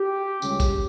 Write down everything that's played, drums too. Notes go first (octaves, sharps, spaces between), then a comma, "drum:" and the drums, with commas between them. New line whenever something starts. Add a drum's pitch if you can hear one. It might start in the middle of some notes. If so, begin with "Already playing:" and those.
Already playing: G4
C#2 C#3 G3 C#4, drum: tambourine
drum: kick A1, tambourine